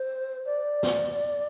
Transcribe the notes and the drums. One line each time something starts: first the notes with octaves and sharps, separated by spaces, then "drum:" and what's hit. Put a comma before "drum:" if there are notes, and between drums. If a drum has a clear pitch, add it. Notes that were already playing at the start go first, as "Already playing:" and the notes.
Already playing: C5
D5
drum: snare